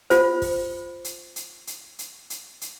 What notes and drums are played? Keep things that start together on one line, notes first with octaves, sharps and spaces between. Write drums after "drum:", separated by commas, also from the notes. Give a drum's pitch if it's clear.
F4 C5, drum: hi-hat
drum: kick, open hi-hat
drum: hi-hat
drum: hi-hat
drum: hi-hat
drum: hi-hat
drum: hi-hat
drum: hi-hat